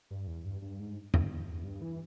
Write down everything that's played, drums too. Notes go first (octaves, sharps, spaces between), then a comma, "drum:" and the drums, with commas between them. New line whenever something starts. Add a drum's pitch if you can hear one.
G2
E2
G2
G2
G#2
G2, drum: tom E2
E2
E2
G2
E3